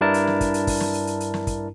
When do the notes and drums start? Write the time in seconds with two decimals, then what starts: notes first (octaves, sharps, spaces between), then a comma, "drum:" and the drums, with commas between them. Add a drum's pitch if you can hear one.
0.01 G2 D4 E4 A#4 A5
0.14 drum: hi-hat
0.27 drum: snare
0.41 drum: kick, hi-hat
0.54 drum: hi-hat
0.67 drum: kick, open hi-hat
0.80 drum: snare
0.94 drum: hi-hat
1.07 drum: hi-hat
1.20 drum: hi-hat
1.34 drum: snare
1.47 drum: kick, hi-hat